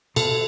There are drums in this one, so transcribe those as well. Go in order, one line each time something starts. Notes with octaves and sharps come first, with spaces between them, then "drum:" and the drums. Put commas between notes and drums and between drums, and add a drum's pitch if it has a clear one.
B2 A4, drum: cymbal